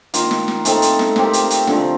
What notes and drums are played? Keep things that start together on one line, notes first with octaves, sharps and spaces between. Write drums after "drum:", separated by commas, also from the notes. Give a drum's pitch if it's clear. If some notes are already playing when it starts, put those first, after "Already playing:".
D#3 A#3 F4, drum: hi-hat
drum: snare
drum: snare
A3 C4 D#4 A4, drum: hi-hat
drum: hi-hat
drum: snare
A3 C4 G4 A#4, drum: snare
drum: hi-hat
drum: hi-hat
D3 F3 C4, drum: snare